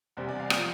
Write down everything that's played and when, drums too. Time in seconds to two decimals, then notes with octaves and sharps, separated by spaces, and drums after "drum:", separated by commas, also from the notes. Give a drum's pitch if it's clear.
0.17 E2 C3 G3 C5
0.29 D5
0.40 F5
0.50 F3 G5, drum: rim click